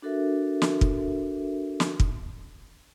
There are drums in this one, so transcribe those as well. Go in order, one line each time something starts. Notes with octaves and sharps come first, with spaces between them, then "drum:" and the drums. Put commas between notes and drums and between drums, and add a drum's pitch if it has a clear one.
D4 F#4 A4 A#4 E5
drum: snare
drum: kick
drum: snare
drum: kick